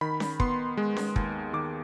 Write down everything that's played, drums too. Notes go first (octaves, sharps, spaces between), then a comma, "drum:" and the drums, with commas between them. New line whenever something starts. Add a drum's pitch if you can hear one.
D#3 B5
drum: snare C#4
B3 C6, drum: kick
G#3
drum: snare C#4
D#2, drum: kick
D#3 D6